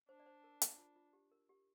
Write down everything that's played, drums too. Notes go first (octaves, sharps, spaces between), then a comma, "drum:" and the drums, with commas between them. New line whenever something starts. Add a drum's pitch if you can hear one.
D4 C5
D5
C5
A#4
F4, drum: hi-hat
F4
F4
G4
A#4
G4